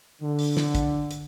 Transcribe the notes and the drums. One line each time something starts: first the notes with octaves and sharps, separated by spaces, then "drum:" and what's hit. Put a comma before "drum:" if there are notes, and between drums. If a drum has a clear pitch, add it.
D3
drum: open hi-hat
drum: snare
drum: kick, hi-hat
drum: hi-hat